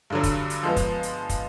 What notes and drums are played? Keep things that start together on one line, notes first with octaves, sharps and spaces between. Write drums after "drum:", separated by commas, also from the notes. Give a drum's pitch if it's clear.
G2 D3 F#3
drum: kick, hi-hat
drum: hi-hat
F3 G#3 B3
drum: kick, hi-hat
drum: hi-hat
drum: kick, hi-hat